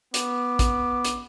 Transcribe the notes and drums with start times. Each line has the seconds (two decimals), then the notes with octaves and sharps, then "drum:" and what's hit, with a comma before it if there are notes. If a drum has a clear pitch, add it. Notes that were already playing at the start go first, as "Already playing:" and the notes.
0.14 B3 D6, drum: hi-hat
0.59 drum: kick, hi-hat
1.05 drum: hi-hat